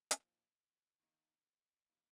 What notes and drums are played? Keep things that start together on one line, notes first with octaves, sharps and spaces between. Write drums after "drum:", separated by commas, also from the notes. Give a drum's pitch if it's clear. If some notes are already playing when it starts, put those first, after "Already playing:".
A#2 F3 A#3 D#4, drum: hi-hat
D#3 A#3 D#4
D#3 G3 A#3 D#4